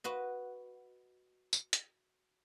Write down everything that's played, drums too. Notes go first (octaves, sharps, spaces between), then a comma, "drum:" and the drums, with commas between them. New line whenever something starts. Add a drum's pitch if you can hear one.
F#4 B4 D#5
drum: tambourine
drum: hi-hat